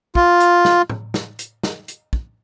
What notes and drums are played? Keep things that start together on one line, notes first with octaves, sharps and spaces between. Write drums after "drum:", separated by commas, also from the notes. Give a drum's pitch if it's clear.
F4, drum: kick
drum: hi-hat
drum: snare
drum: tom A2
drum: snare
drum: hi-hat
drum: snare
drum: hi-hat
drum: kick